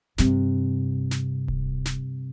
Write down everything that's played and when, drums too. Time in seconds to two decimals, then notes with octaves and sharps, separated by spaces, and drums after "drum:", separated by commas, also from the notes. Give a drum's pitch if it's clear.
0.18 G2 C3, drum: snare
1.11 drum: snare
1.48 drum: kick D1
1.85 drum: snare